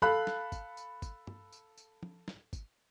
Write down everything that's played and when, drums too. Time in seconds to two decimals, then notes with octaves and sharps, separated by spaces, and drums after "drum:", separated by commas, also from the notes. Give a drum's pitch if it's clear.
0.02 A4 F5 B5 F#6, drum: tom
0.27 drum: snare
0.52 drum: kick, tambourine
0.77 drum: tambourine
1.02 drum: kick, tambourine
1.27 drum: tom
1.52 drum: tambourine
1.78 drum: tambourine
2.03 drum: tom
2.28 drum: snare
2.53 drum: kick, tambourine